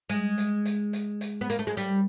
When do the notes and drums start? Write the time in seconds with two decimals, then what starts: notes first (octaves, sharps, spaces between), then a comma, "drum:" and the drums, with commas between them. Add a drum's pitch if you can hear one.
0.09 G#3, drum: hi-hat
0.38 drum: hi-hat
0.65 drum: hi-hat
0.93 drum: hi-hat
1.21 drum: hi-hat
1.41 B3
1.50 A#3, drum: hi-hat
1.59 A3
1.67 G#3
1.77 G3, drum: hi-hat